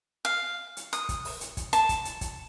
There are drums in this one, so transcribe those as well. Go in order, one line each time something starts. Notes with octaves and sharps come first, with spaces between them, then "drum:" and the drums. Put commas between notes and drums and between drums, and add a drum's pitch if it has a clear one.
F5
drum: hi-hat
D#6, drum: hi-hat
drum: kick, hi-hat
drum: open hi-hat
drum: hi-hat
drum: kick, hi-hat
A5, drum: hi-hat
drum: kick, hi-hat
drum: hi-hat
drum: kick, hi-hat